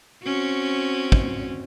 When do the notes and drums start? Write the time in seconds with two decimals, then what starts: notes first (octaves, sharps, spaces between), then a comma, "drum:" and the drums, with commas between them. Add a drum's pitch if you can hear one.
0.23 C4 C#4 F#4
1.12 drum: kick